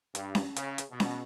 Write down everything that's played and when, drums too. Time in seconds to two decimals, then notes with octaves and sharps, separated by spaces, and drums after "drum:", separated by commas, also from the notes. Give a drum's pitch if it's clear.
0.15 G2, drum: hi-hat
0.35 drum: snare C#4
0.56 C#3, drum: hi-hat
0.78 drum: hi-hat
0.91 B2
1.00 drum: snare C#4